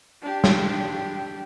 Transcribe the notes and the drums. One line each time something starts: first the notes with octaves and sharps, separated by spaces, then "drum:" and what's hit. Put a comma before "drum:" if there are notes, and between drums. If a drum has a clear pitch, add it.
D4 G4
drum: snare